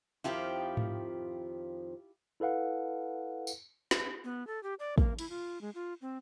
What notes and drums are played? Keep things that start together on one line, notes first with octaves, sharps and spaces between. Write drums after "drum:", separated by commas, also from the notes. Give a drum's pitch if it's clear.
F2 D#3 F3 E4 F4 G4
drum: tom G#2
E4 A4 B4 F5 F#5
drum: tambourine
drum: snare
B3
A4
G4
D5
A#3, drum: kick
E4, drum: cymbal
F4
G#3
F4
C4